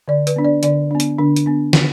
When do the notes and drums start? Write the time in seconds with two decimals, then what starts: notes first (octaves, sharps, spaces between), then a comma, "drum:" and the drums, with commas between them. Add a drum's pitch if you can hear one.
0.08 D3 D5
0.27 B4, drum: hi-hat
0.36 B3 D4
0.45 D5
0.63 D3 D5, drum: hi-hat
0.91 B3 D4
1.00 drum: hi-hat
1.19 D3 D4
1.36 drum: hi-hat
1.46 B3 D4
1.73 D3, drum: snare